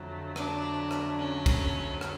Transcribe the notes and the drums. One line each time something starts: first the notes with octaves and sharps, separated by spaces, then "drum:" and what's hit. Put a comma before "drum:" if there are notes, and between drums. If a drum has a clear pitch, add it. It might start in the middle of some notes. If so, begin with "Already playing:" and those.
Already playing: F2 D3 F#3 A3
D4, drum: rim click
drum: rim click
C#4
drum: kick, cymbal
drum: rim click